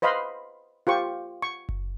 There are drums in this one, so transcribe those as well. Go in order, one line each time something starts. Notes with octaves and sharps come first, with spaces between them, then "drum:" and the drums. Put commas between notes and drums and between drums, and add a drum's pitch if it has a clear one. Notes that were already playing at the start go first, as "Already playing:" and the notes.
B4 C5 D#5 F5 B5 C6
F4 G4 C5 C#6
C#6
drum: kick F#1